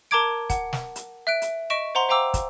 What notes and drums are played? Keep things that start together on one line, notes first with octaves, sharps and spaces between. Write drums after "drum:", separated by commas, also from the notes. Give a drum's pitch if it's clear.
A#4 A5 A#5 D6 G#6 D7
F#5, drum: kick, hi-hat
drum: snare
drum: hi-hat
E5 F#6 D7
drum: hi-hat
D#5 C#6 B6 D7 E7
C5 F#5 A#5 C6
C5 F5 G5 A#5 D6 E6
drum: kick, hi-hat